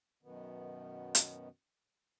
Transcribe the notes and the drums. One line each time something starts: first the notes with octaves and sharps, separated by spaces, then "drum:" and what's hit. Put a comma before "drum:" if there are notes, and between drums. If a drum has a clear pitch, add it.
F#2 B2 D#3 B3
drum: hi-hat